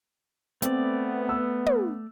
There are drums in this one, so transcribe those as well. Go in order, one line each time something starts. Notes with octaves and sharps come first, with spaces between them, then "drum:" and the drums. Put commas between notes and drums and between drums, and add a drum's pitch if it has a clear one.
A3 B3 C4 D5, drum: hi-hat
E6
drum: tom